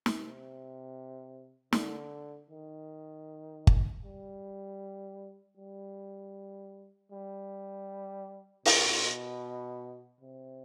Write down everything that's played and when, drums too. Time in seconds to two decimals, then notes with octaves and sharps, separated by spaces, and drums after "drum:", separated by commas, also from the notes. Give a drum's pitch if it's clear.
0.06 drum: snare
0.18 C3
1.73 D3, drum: snare
2.50 D#3
3.67 drum: kick G1
4.03 G3
5.57 G3
7.11 G3
8.65 B2, drum: open hi-hat
10.20 C3